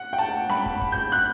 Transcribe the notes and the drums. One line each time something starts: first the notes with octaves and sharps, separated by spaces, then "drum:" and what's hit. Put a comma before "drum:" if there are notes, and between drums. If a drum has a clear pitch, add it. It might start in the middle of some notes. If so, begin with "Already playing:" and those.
Already playing: F#5
G5
A5
B5, drum: snare C#4
drum: kick
drum: kick
G6
F#6